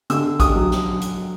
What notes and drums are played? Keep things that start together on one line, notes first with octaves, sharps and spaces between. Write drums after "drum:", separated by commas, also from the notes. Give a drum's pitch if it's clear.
D3 E6, drum: hi-hat
D#6, drum: kick G#1, hi-hat
F#3
drum: snare
drum: hi-hat